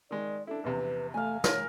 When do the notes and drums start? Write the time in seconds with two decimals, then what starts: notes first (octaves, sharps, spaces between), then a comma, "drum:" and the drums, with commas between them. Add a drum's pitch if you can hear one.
0.11 D#3 G#3 D5
0.47 D4 E4 A4
0.64 A#1 E2 C3 B4
1.14 A3 F5 G#5
1.44 A#4 C#5, drum: snare